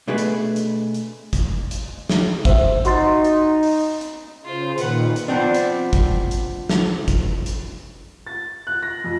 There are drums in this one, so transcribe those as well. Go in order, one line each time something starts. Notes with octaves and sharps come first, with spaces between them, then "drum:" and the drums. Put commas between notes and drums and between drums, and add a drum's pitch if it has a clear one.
B2 A3 D4 G#4 B4
drum: hi-hat
drum: hi-hat
drum: hi-hat
drum: kick, hi-hat
drum: hi-hat
drum: snare
C5 E5, drum: kick, hi-hat
D#4 F#4 C6 A6, drum: hi-hat
drum: hi-hat
drum: open hi-hat
drum: hi-hat
C#3 F4 C5
A#2 D#3 B4 F#5, drum: hi-hat
drum: hi-hat
F3 B3 C4 D4
drum: hi-hat
drum: kick, hi-hat
drum: hi-hat
drum: snare
drum: kick, hi-hat
drum: hi-hat
A6
F#6
A#6
F2